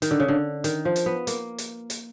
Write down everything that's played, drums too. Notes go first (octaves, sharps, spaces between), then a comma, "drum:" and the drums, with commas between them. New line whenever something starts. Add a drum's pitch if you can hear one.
D#3, drum: hi-hat
D3
C#3
D3
D#3, drum: hi-hat
F3
drum: hi-hat
B3
A#3, drum: hi-hat
drum: hi-hat
drum: hi-hat